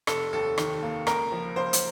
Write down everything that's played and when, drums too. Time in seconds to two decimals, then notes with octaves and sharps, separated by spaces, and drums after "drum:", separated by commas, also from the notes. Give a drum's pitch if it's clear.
0.07 F1 A4, drum: rim click
0.33 D#2 A4
0.58 D#3, drum: rim click
0.83 A#3
1.07 C#2 A#4, drum: rim click
1.32 F3
1.56 C#2 C5
1.73 drum: hi-hat